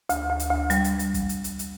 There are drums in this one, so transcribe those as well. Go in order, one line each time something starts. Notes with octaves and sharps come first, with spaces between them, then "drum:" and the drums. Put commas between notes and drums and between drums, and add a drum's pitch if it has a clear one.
D2, drum: hi-hat
D2
drum: hi-hat
D2
G3, drum: hi-hat
drum: hi-hat
drum: hi-hat
drum: kick, hi-hat
drum: hi-hat
drum: hi-hat
drum: hi-hat